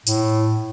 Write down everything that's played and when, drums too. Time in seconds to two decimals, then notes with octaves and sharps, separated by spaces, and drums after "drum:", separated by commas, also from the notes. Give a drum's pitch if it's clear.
0.07 A2, drum: tambourine